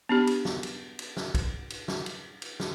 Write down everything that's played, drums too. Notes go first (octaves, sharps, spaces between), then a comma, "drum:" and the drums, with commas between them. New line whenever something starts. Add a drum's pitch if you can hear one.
B3 D4 G4
drum: cymbal
drum: snare
drum: cymbal
drum: cymbal
drum: snare
drum: kick, cymbal
drum: cymbal
drum: snare
drum: cymbal
drum: cymbal
drum: snare